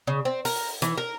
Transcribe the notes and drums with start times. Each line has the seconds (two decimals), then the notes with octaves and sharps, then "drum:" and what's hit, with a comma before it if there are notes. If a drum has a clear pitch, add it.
0.07 C#3
0.25 C4
0.45 A#4, drum: open hi-hat
0.82 E3, drum: hi-hat
0.98 A#4